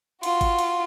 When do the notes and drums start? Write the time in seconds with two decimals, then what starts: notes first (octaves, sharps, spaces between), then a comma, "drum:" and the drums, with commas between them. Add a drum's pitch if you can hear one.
0.23 F4 F#4, drum: cymbal
0.41 drum: kick G#1, cymbal
0.59 drum: cymbal